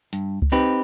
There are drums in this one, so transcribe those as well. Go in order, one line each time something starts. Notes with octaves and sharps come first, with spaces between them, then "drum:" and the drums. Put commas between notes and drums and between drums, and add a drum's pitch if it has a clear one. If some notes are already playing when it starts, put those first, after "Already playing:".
G2, drum: hi-hat
drum: kick C#2
C4 D#4 G4 B4